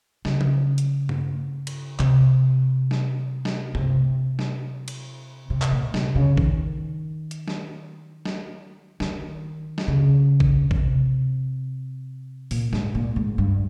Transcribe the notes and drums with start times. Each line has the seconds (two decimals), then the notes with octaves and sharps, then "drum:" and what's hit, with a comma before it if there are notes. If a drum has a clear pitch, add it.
0.25 C#3, drum: snare
0.41 drum: tom F3
0.78 drum: hi-hat
1.09 drum: tom G2
1.67 drum: cymbal
1.99 C3, drum: clap
2.91 drum: snare
3.45 drum: snare
3.75 C3, drum: tom G2
4.39 drum: snare
4.88 drum: cymbal
5.50 C3
5.62 drum: clap
5.72 A#2
5.94 C3, drum: snare
6.15 C#3
6.37 D#3, drum: kick
7.31 drum: hi-hat
7.48 drum: snare
8.25 drum: snare
9.00 D#3, drum: snare
9.78 drum: snare
9.88 C#3
10.40 drum: kick
10.71 C#3, drum: kick
10.76 C3
12.51 A#2, drum: open hi-hat
12.73 G#2, drum: snare
12.95 A#2
13.16 G#2
13.38 G2